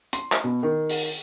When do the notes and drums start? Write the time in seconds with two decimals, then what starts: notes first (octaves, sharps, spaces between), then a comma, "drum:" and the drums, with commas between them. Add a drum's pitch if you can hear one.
0.13 C6, drum: hi-hat
0.32 drum: clap
0.44 B2
0.63 D#3
0.89 drum: open hi-hat